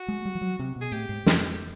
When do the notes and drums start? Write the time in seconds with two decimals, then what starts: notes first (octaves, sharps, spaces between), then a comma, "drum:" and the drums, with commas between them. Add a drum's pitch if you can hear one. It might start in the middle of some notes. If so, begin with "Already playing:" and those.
Already playing: F#4
0.08 G#3
0.25 G3
0.35 F3
0.42 F#3
0.59 C3
0.76 B2 G#4
0.92 A2 G4
1.09 G#2
1.26 F2, drum: snare